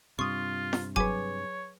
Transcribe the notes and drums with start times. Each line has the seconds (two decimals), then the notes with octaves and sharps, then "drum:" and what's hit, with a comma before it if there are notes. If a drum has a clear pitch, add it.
0.19 G2 C3 F4 C6 C#6 D#6
0.73 drum: snare F4
0.96 F#3 G#4 B4 C#5 G#5 D6, drum: kick F1